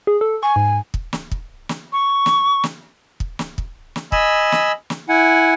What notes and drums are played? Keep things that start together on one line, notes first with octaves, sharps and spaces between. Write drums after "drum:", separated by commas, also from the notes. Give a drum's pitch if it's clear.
G#4
A4
G#5 C#6
G#2
drum: kick
drum: snare
drum: kick
drum: snare
C#6
drum: snare
drum: snare
drum: kick
drum: snare
drum: kick
drum: snare
D#5 G#5 B5 E6, drum: kick
drum: snare
drum: snare
E4 F#5 G#5